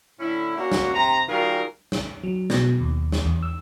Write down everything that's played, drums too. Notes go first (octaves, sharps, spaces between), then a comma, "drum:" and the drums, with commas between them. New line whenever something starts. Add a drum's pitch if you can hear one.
A2 D3 C#4 E4
A#3 C#4 D4 F#4
drum: snare
C3 A#5
D#3 G3 F4 F#4 G#4 A#4
drum: snare
F#3
B2, drum: snare
D#2
drum: snare
E2
E6